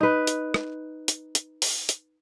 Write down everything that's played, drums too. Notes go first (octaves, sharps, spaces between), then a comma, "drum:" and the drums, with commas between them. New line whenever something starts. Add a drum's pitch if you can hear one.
D#4 B4
drum: hi-hat
drum: rim click
drum: hi-hat
drum: hi-hat
drum: open hi-hat
drum: hi-hat